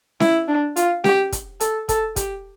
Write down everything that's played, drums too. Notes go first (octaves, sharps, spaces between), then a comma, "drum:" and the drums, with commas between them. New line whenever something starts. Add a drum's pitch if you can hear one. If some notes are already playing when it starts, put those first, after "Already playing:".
E4, drum: snare C#4
D4
F4, drum: hi-hat
G4, drum: snare C#4
drum: kick, hi-hat
A4, drum: hi-hat
A4, drum: kick, hi-hat
G4, drum: kick, hi-hat